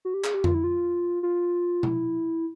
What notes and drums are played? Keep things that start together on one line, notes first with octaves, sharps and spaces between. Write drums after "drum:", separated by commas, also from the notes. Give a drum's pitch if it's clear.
F#4
G4
G#4, drum: clap
G4
F4, drum: tom F2
E4
F4
F4
E4, drum: tom B2